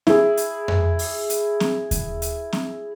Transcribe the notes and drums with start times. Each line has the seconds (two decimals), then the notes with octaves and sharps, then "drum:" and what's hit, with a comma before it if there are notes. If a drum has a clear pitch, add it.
0.07 E4 G#4, drum: snare
0.37 drum: hi-hat
0.68 drum: tom F2
0.99 drum: open hi-hat
1.30 drum: hi-hat
1.60 drum: snare
1.91 drum: kick D#2, hi-hat
2.22 drum: hi-hat
2.53 drum: snare